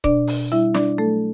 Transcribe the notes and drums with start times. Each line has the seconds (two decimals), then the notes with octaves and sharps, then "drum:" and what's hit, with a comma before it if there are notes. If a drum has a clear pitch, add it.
0.04 B2 D4 D5, drum: kick C#1
0.27 B2, drum: open hi-hat
0.52 G3 E4 E5
0.74 G3 D4 D5, drum: snare
0.98 F#3 A3 A4